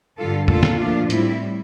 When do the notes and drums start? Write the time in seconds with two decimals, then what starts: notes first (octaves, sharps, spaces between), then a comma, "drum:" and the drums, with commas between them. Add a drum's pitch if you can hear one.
0.18 G2 D3 G3 F4 A4
0.48 A#2 A3 F4 A4, drum: tom
0.63 drum: snare
0.79 A#2 F3 A3 D4 F4
1.10 A2 G3 C4 E4, drum: hi-hat